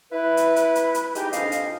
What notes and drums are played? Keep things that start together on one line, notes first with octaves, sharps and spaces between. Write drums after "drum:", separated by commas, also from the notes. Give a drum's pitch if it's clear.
E4 B4
drum: hi-hat
drum: hi-hat
drum: hi-hat
drum: hi-hat
G#3 D#4 G4, drum: hi-hat
F2 G#2 D4 D#5 F5, drum: hi-hat
drum: hi-hat